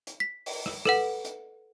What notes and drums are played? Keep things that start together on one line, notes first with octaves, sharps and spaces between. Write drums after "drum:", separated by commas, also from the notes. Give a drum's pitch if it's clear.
drum: hi-hat
B6
drum: open hi-hat
drum: rim click
A4 B4 F#5, drum: rim click
drum: hi-hat